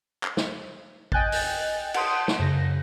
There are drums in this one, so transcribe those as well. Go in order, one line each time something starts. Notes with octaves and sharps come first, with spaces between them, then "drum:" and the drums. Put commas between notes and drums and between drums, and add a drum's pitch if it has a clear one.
drum: clap
drum: snare
D#5 G5 G#5 F#6 G6 A6, drum: kick A1
drum: open hi-hat
F#5 A5 C6 D#6, drum: cymbal
drum: snare
F#2 C#3 A#6